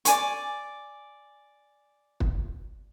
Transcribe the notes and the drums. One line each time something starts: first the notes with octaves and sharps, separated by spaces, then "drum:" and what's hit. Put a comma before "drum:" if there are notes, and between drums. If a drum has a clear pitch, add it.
D5 G#5 C#6, drum: hi-hat
drum: kick